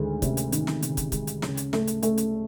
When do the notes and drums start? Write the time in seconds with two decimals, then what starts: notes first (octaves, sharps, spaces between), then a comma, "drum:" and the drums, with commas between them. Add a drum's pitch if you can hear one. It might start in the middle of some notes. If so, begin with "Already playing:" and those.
Already playing: D2 D#3 G#3
0.22 C3, drum: kick, hi-hat
0.37 drum: hi-hat
0.52 D#3, drum: hi-hat
0.67 drum: snare
0.82 C3, drum: hi-hat
0.97 drum: kick, hi-hat
1.12 G#3, drum: kick, hi-hat
1.27 drum: hi-hat
1.42 C#3, drum: snare
1.57 drum: hi-hat
1.73 A3, drum: snare
1.87 drum: hi-hat
2.02 A3, drum: hi-hat
2.17 drum: hi-hat